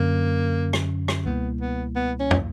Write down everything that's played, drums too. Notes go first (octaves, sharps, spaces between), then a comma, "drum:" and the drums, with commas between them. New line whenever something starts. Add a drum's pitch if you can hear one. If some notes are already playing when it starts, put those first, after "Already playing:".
Already playing: F#2 D3 F#3 A#3 C#4
drum: rim click
drum: rim click
C#2 B2 G3 A#3 B3 E4
B3
B3
C#4
drum: tom